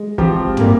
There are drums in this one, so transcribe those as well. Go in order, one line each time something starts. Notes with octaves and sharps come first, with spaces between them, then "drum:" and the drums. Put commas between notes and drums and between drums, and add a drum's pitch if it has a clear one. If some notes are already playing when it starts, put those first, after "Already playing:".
Already playing: G#3
F3 C4 G4, drum: kick
A#2 G3 A#3, drum: tom